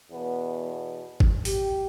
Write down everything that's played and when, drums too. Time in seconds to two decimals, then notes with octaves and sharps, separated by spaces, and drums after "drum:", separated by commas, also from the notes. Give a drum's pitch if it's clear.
0.11 E2 B2 B3
1.20 drum: kick G1
1.45 G4, drum: open hi-hat